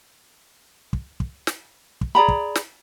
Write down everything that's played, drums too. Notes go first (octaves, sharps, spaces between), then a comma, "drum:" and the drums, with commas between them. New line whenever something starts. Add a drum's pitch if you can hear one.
drum: kick
drum: kick
drum: snare
drum: kick
G#4 D5 A#5 B5
drum: kick
drum: snare